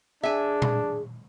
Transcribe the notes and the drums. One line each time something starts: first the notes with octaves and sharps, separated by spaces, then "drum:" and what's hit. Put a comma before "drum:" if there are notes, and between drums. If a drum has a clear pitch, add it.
D4 G#4 E5 G#5
drum: tom A#2